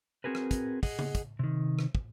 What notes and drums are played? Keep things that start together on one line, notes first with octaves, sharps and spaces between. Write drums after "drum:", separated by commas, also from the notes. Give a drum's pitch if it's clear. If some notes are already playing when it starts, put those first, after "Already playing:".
C4 F#4 G#4 A#4 B4
drum: rim click
drum: kick, hi-hat
G#4 D#5 F#5, drum: kick, open hi-hat
drum: tom C#3
drum: kick, hi-hat
C3 D#3
drum: rim click
drum: kick